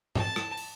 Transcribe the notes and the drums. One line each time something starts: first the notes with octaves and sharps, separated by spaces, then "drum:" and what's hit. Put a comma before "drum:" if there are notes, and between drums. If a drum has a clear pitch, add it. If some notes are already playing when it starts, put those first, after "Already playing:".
A5, drum: tom G#2
drum: rim click
drum: open hi-hat